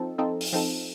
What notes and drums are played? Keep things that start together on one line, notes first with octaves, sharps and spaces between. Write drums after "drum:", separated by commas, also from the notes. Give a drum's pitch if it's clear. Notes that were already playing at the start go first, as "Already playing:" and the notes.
Already playing: F3 C4 D#4 A4
F3 C4 D#4 A4
drum: open hi-hat
F3 C4 D#4 A4